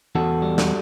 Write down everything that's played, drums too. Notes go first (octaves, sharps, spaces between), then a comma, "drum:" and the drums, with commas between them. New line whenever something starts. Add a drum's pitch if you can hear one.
E2 F#4 A4
G3
drum: snare